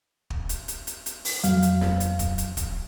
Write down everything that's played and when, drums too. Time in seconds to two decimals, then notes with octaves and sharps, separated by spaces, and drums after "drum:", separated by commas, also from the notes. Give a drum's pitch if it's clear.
0.30 drum: kick
0.49 drum: hi-hat
0.68 drum: hi-hat
0.87 drum: hi-hat
1.06 drum: hi-hat
1.25 drum: open hi-hat
1.44 F2 F#3 F5, drum: hi-hat
1.62 drum: hi-hat
1.81 drum: snare
2.00 drum: hi-hat
2.19 drum: kick, hi-hat
2.38 drum: hi-hat
2.57 drum: kick, hi-hat